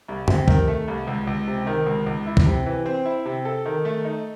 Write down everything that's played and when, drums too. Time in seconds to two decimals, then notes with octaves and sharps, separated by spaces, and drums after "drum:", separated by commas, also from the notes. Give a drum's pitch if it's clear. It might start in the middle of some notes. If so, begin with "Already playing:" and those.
0.08 C2
0.28 C3, drum: tom F#2
0.48 D#3, drum: kick
0.68 A3
0.88 C2
1.07 C#2
1.27 C#2
1.48 C3
1.67 D#3
1.86 C#2
2.06 C#2
2.26 E4
2.37 drum: kick
2.46 C3
2.66 E3
2.86 C4
3.05 E4
3.26 C3
3.45 A4
3.66 D#3
3.85 A3
4.05 D#4